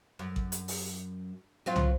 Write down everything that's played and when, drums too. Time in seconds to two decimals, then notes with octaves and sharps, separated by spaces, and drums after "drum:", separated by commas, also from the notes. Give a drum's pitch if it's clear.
0.19 F#2
0.36 drum: kick A1
0.52 drum: hi-hat
0.68 drum: open hi-hat
1.66 F#3 C4 F4
1.76 drum: tom